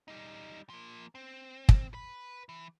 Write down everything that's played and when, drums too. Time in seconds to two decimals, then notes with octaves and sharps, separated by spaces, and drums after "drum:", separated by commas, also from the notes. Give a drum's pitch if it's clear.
0.08 G3 D#4
0.70 F3 A#3
1.15 C4
1.69 drum: kick
1.94 B4 B5
2.49 E3